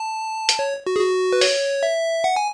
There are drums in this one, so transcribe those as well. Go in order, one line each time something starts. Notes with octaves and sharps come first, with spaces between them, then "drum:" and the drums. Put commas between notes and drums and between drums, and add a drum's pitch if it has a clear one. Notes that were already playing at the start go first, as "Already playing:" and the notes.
Already playing: A5
drum: hi-hat
C#5
F#4
G#4
F#4
B4
C#5, drum: open hi-hat
E5
F#5
G#5